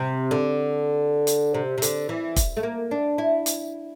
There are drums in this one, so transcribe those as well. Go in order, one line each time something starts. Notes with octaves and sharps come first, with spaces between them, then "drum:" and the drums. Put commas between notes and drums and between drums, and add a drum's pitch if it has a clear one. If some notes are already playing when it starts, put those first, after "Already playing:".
Already playing: C3
D3
drum: hi-hat
C3
C3
D3, drum: hi-hat
E3
drum: kick, hi-hat
A3
A#3
D4
E4
drum: hi-hat